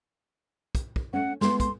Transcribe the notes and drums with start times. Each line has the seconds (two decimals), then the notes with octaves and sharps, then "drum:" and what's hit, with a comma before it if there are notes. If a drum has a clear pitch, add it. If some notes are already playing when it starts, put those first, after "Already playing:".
0.75 drum: kick, hi-hat
0.96 drum: kick
1.13 A3 C#4 F#5
1.41 G#3 A3 B3 C6, drum: snare
1.60 C6, drum: kick, hi-hat